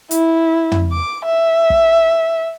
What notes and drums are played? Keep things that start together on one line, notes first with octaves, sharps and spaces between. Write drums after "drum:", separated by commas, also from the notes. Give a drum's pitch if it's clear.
E4, drum: hi-hat
drum: tom
D6
E5
drum: kick